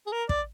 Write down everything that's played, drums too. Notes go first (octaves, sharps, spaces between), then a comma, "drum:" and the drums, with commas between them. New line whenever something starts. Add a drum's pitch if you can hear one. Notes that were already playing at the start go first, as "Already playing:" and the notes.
G#4
A#4
D5, drum: kick